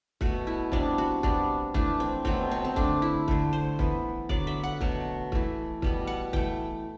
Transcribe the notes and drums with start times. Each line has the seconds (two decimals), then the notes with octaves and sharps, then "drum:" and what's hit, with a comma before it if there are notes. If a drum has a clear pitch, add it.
0.21 B2 A3 F#4, drum: kick
0.47 E4
0.72 C3 G3 B3 D4, drum: kick
0.98 F#4
1.23 C3 G3 B3 D4, drum: kick
1.74 E3 A3 D4, drum: kick
2.00 C4
2.25 B2 F#3 A3 C4, drum: kick
2.51 C4
2.65 C4
2.76 D3 A3 D4, drum: kick
3.02 E4
3.28 D3 A3, drum: kick
3.53 C5
3.79 E3 B3, drum: kick
4.29 D3 F#3 B3 D5, drum: kick
4.47 E5
4.63 F#5
4.81 B2 F#3 A3, drum: kick
5.32 E3 A3, drum: kick
5.82 B2 G3 B3, drum: kick
6.07 F#5
6.33 E3 A3 G5, drum: kick